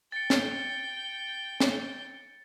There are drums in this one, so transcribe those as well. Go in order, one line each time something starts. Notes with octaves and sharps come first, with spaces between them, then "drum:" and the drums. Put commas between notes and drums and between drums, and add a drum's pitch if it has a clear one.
G5 A6 C#7
drum: snare
drum: snare